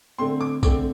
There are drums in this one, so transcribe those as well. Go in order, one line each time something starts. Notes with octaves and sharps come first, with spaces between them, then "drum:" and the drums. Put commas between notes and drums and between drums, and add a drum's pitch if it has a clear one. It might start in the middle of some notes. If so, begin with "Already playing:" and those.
D3 A3 C4 C6
D6
D3 A3 C4 D6, drum: kick, tambourine